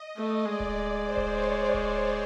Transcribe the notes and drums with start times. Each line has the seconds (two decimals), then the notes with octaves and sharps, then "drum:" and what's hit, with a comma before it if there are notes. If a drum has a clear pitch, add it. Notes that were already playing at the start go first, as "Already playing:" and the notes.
Already playing: D#5
0.17 A3
0.45 G#3 D5
0.60 drum: kick D1
1.03 C5
1.17 drum: kick D1
1.32 C#5
1.74 drum: kick D1